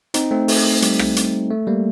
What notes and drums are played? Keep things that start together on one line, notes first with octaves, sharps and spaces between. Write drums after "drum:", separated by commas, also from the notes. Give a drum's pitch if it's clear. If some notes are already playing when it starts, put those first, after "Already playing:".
C4 D#4, drum: hi-hat
A3 C4
A3, drum: open hi-hat
G3, drum: hi-hat
drum: rim click
drum: hi-hat
A3
G3 A#3